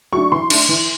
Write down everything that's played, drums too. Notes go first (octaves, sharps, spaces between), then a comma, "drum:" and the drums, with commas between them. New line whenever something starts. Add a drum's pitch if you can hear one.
F#3 A3 D4 C#6
E3 C6
A3 D4, drum: cymbal
E3